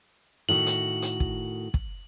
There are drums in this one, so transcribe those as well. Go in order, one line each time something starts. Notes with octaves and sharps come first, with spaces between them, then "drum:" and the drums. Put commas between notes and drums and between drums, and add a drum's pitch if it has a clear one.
A2 D#3 F#4 F#7
drum: hi-hat
drum: hi-hat
drum: kick
drum: kick